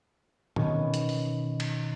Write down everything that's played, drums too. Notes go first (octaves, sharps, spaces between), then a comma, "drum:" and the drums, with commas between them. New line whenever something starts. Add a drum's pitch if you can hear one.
B2 D#3 B3 C#4, drum: tom A2
drum: hi-hat
drum: open hi-hat
drum: cymbal